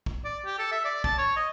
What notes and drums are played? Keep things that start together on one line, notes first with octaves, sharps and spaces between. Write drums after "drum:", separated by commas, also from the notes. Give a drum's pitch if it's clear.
drum: kick
D5
G4
A4
E5
D5
A5, drum: kick
C#5
D#5